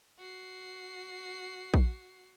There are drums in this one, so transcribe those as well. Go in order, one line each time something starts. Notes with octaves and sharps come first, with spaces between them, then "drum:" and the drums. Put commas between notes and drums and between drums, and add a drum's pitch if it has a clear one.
F#4 C7
drum: kick A#1